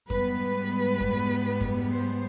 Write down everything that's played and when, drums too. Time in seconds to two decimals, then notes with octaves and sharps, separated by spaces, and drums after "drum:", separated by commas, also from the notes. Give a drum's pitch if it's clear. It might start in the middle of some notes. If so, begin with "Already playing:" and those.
0.10 G#2 G3 B3 B4, drum: kick F2
1.01 drum: kick F2
1.61 drum: kick F2
1.91 C5